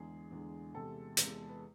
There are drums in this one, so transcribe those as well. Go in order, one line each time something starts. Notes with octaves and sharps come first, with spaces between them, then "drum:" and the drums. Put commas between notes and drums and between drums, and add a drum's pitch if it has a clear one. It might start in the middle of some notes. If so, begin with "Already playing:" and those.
Already playing: E2 D3 G#3 G#4
E2 D3 G#3
E2 C3 G#3 A4
E2 C3 G#3, drum: hi-hat
B4